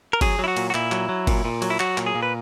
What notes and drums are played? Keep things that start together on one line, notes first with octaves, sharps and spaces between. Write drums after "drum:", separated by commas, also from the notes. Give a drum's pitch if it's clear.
A#4
F#3 G#4, drum: kick, cymbal
F#3 E4
F#4
A#2, drum: cymbal
F#4
A#2 E4, drum: clap
F#3, drum: clap
F#3
A#2, drum: kick, cymbal
A#2
F#3, drum: cymbal
E4
F#3 F#4, drum: clap
A#2, drum: clap
G#4
A#2
B4